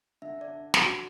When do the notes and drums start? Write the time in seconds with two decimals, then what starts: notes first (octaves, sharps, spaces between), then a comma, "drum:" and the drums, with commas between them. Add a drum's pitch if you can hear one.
0.22 D3 E5
0.41 D5
0.48 D4
0.74 D3, drum: snare
0.80 F#4